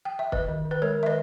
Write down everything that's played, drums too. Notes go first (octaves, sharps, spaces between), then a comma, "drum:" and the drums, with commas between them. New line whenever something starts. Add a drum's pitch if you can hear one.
G5
E5
D#3 B4 D#5, drum: kick
D#3
D#3
B4
G#3 A#4 C#5
D#3 E5
B4 D#5